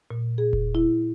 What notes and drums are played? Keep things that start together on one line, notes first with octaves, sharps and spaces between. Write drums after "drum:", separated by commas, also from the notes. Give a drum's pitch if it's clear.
A#2
G#4
drum: kick E1
E4